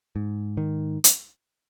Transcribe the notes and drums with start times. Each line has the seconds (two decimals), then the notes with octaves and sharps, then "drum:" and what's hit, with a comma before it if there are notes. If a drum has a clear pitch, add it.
0.16 G#2
0.57 D#3
1.04 drum: hi-hat